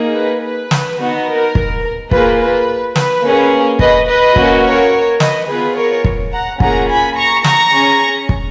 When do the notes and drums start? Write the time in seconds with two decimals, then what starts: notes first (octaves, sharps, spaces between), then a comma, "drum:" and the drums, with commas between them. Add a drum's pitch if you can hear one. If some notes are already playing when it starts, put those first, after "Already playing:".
Already playing: A#3 D#4 G#4
0.14 B4
0.43 B4
0.71 drum: snare
0.99 B3 D#4 F#4
1.27 A#4
1.55 drum: kick
2.11 A#3 F4 G#4 B4, drum: kick
2.39 B4
2.96 B4, drum: snare
3.23 A#3 C#4 G#4
3.79 B4 D#5, drum: kick
4.08 B4 D#5
4.36 A#3 C#4 F#4, drum: kick
4.63 A#4 C#5
5.20 B4 D#5, drum: snare
5.48 B3 F4 G#4 B4
5.76 A#4 C#5
6.04 drum: kick
6.33 F#5 A#5
6.60 A#3 C#4 F4 G#4 F#5 A#5, drum: kick
6.88 G#5 B5
7.17 A#5 C#6
7.44 A#5 C#6, drum: snare
7.72 C#4 G#4
8.29 drum: kick